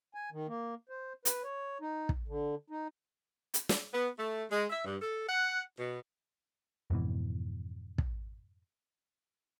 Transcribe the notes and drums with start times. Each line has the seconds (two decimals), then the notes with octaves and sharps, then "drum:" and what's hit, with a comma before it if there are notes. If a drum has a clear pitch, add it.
0.15 G#5
0.32 D#3
0.48 A#3
0.89 C5
1.25 B4, drum: hi-hat
1.44 C#5
1.81 D#4
2.09 drum: kick
2.28 D3
2.70 D#4
3.54 drum: hi-hat
3.69 drum: snare
3.92 B3
4.17 A3
4.50 G#3
4.69 E5
4.84 G2
5.01 A4
5.27 F#5
5.78 B2
6.90 F2 G#2 B2 E3
7.98 drum: kick